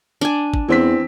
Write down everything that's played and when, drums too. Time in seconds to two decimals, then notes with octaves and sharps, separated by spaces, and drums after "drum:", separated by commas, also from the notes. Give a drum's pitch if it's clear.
0.21 D4 G#5
0.54 drum: kick G#1
0.68 E2 E3 C4 B6